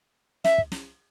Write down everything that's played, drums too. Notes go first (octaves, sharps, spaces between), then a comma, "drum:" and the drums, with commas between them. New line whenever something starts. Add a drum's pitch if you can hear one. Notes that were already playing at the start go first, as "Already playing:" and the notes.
E5, drum: snare
drum: kick
drum: snare